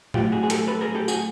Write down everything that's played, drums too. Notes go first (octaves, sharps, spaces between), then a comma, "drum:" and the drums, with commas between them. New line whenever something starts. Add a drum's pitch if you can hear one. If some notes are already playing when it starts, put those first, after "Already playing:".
A2 F#3 F4 G4, drum: tom A2
F#4 G#4
G#4
G4 A4, drum: hi-hat
A4 B4
G#4 A#4
G4 A4
F#4 G#4, drum: tambourine